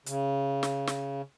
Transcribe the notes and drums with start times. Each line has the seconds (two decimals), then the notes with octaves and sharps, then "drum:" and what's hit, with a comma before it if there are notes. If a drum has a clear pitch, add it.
0.06 C#3, drum: hi-hat
0.63 drum: snare
0.87 drum: snare